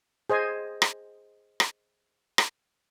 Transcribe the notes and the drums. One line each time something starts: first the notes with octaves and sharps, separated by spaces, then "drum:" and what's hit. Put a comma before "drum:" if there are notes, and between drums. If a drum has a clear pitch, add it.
G#4 C5 D#5 G#5
drum: rim click
drum: rim click
drum: rim click